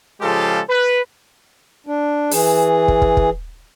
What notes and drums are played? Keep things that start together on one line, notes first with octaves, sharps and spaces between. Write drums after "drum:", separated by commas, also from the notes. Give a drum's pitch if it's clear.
C#3 F3 G#3 F4 G4 A4
B4
D4
E3 G#4, drum: open hi-hat
drum: kick
drum: kick
drum: kick